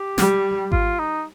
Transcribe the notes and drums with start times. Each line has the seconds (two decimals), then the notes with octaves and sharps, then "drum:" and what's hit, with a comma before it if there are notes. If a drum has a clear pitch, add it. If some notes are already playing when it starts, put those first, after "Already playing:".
Already playing: G4
0.18 G3, drum: snare
0.72 F4, drum: kick G#1
0.99 D#4